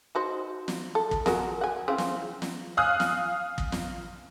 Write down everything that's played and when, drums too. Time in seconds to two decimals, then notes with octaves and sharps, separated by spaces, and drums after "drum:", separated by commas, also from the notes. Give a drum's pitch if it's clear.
0.15 D#4 F#4 C5
0.68 drum: snare
0.95 A4
1.11 drum: kick
1.26 F#4 G#4 A#4, drum: snare
1.61 F#5 G#5
1.88 C#3 E3 C4
1.98 drum: snare
2.42 drum: snare
2.77 F5 G#5 D#6 F6 F#6
3.00 drum: snare
3.58 drum: kick
3.72 drum: snare